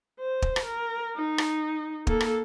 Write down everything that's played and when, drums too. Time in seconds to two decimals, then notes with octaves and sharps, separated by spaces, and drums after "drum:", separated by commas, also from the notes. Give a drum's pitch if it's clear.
0.20 C5
0.42 drum: kick
0.56 drum: rim click
0.66 A#4
1.16 D#4
1.38 drum: rim click
2.07 A#3 A4, drum: kick
2.20 drum: rim click